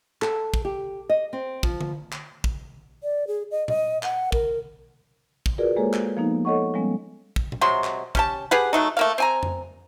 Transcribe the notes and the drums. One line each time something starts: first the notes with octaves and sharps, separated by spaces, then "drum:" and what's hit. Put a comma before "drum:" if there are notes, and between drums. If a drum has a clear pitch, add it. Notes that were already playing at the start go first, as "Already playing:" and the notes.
A4, drum: clap
drum: kick
G4
D#5
C4
F3, drum: kick
drum: tom D3
drum: clap
drum: kick
D5
G#4
D#5
D#5, drum: tom A#2
F#5, drum: clap
A#4, drum: kick
drum: kick
F4 F#4 G#4 A#4 B4 D5
G#3 A#3 G#4 A4 C5 C#5
drum: clap
F3 A#3 B3 D#4
A4 C#5 D#5 F#5 C#6
F3 G3 G#3 B3 C#4
drum: kick
drum: tom A#2
C3 F#3 G#3 C6
drum: clap
C#4 G4 A5, drum: kick
G4 G#4 B4 F#5
F#3 A3 D#4
A3 A#3 F5
C4 G#5 A#5
drum: tom F2